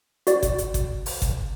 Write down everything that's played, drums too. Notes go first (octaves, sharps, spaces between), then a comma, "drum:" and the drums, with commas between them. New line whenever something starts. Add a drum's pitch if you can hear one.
F#4 D5, drum: hi-hat
drum: kick G1, hi-hat
drum: hi-hat
drum: kick G1, hi-hat
drum: open hi-hat
drum: kick G1, hi-hat